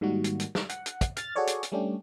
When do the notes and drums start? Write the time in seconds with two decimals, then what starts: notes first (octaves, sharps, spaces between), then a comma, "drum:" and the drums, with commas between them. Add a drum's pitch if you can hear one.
0.01 G#2 D#3 G3 A#3 F#4
0.24 drum: hi-hat
0.40 drum: hi-hat
0.55 drum: snare
0.69 F#5, drum: hi-hat
0.86 drum: hi-hat
1.01 drum: kick, hi-hat
1.17 F6 A6, drum: hi-hat
1.36 F#4 G#4 A4 C#5 D5
1.47 drum: hi-hat
1.63 drum: hi-hat
1.72 G3 A3 C#4 D4 G4